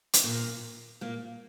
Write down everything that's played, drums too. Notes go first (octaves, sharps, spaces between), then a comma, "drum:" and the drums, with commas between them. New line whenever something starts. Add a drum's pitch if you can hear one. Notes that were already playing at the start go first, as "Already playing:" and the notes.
drum: hi-hat
A#2 A#3
A#2 A#3